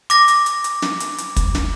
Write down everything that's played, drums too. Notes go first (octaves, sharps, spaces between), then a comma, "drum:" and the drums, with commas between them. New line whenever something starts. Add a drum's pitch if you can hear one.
D6 A#6, drum: hi-hat
drum: hi-hat
drum: hi-hat
drum: hi-hat
drum: snare
drum: hi-hat
drum: hi-hat
drum: kick, hi-hat
drum: snare